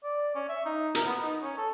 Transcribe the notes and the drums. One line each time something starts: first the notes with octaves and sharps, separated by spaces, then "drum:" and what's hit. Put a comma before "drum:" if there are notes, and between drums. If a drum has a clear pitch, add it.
D5
C#4
E5
D#4
A#4, drum: hi-hat
B3
D#4
C#4
A4